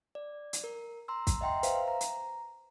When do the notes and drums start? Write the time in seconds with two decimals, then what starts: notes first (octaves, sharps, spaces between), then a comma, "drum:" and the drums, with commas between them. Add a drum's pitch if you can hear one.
0.15 D5
0.53 drum: hi-hat
0.64 A#4
1.08 A#5 C6 E6
1.27 drum: kick, hi-hat
1.41 D#5 E5 F#5 G5 A#5 C6
1.63 B4 C5 E5 F5, drum: hi-hat
1.88 A#5
2.01 drum: hi-hat